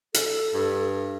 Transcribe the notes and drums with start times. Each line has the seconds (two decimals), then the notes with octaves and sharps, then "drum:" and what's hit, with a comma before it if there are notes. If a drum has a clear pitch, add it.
0.14 A4, drum: hi-hat
0.54 G2